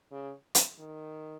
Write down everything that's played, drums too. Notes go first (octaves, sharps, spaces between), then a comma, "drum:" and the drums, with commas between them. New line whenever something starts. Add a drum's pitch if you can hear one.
C#3
drum: hi-hat
D#3